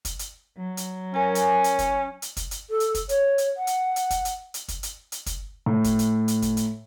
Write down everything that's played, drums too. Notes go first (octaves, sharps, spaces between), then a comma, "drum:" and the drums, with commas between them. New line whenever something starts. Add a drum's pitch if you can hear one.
drum: kick, hi-hat
drum: hi-hat
F#3
drum: hi-hat
C#4 A#4 G#5
drum: hi-hat
drum: hi-hat
drum: kick, hi-hat
drum: hi-hat
drum: kick, hi-hat
drum: hi-hat
A4
drum: hi-hat
drum: kick, hi-hat
C#5, drum: hi-hat
drum: hi-hat
F#5
drum: hi-hat
drum: hi-hat
drum: kick, hi-hat
drum: hi-hat
drum: hi-hat
drum: kick, hi-hat
drum: hi-hat
drum: hi-hat
drum: kick, hi-hat
A2
drum: kick, hi-hat
drum: hi-hat
drum: hi-hat
drum: kick, hi-hat
drum: hi-hat